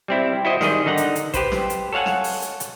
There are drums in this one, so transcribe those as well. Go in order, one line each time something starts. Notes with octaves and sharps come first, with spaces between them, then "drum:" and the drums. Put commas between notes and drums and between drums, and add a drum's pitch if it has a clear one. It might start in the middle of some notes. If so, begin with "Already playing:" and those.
G3 C4 E4
E4 F#4 C5 D#5
D#3 G3 G#4 D#5, drum: snare
D3 D#4 F#5 A#5
drum: hi-hat
drum: hi-hat
G4 B4 C5, drum: kick A1, hi-hat
drum: snare
drum: hi-hat
A4 C#5 F5 F#5 G#5
drum: snare
drum: open hi-hat
drum: hi-hat
drum: hi-hat